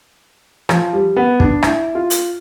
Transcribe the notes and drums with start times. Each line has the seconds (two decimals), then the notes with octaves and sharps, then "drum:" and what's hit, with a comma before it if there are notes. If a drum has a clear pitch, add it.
0.69 F3, drum: rim click
0.93 G3
1.17 B3
1.40 D4, drum: kick
1.63 E4, drum: rim click
1.95 F4
2.10 drum: hi-hat